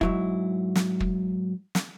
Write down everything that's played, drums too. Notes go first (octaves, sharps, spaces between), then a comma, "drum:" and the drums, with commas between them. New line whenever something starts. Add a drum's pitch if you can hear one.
G#2 F#3 E4, drum: kick
drum: snare
drum: kick
drum: snare